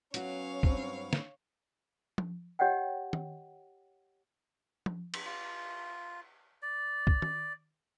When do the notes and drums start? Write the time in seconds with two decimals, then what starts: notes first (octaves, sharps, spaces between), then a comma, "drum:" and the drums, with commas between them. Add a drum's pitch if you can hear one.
0.14 F#3 B3 C#4 F#4 C#5 F5, drum: hi-hat
0.63 G2 C4 B4, drum: kick
1.13 drum: snare
2.18 drum: tom F3
2.59 G4 C#5 D#5 F#5 G5
3.13 drum: tom
4.86 drum: tom F3
5.14 drum: cymbal
5.26 F4
6.62 D5
7.07 drum: kick
7.22 drum: tom